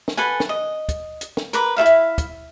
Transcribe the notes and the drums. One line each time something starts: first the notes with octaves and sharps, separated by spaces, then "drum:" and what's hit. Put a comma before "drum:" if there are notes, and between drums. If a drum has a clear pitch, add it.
drum: snare
A4 B4 F#5 G#5
drum: snare
D#5
drum: kick, hi-hat
drum: hi-hat
drum: snare
A#4 B4 D6, drum: hi-hat
E4 A4 E5 F5
drum: hi-hat
drum: kick, hi-hat